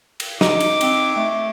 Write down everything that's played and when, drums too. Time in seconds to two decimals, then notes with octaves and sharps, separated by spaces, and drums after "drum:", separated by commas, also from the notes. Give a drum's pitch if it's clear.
0.20 drum: cymbal
0.41 D#4 D6, drum: snare
0.60 drum: cymbal
0.81 C4, drum: cymbal
1.16 A3